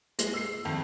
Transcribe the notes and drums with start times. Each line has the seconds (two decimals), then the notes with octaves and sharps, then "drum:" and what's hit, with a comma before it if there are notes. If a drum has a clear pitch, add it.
0.19 G#3, drum: hi-hat
0.34 E6 C7
0.65 F2 D#3